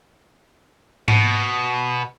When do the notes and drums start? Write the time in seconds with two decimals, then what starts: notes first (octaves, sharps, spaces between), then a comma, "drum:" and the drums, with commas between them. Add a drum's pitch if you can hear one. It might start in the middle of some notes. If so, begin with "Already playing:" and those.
1.08 B2, drum: tom G#2